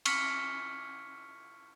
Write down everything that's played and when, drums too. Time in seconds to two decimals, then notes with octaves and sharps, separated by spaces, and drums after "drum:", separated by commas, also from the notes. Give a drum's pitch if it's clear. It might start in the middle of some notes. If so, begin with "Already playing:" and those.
0.05 C#6 F6 B6 C#7, drum: cymbal